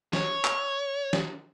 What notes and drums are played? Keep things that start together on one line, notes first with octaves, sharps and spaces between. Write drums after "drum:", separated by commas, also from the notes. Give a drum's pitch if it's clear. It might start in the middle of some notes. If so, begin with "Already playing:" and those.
C#5, drum: snare
drum: clap
drum: snare